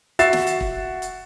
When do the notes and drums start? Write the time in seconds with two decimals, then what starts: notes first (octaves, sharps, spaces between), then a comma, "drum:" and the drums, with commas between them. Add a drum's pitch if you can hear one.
0.19 F#4 E5 A6 C7 E7, drum: hi-hat
0.33 drum: snare
0.47 drum: hi-hat
0.60 drum: kick
1.02 drum: hi-hat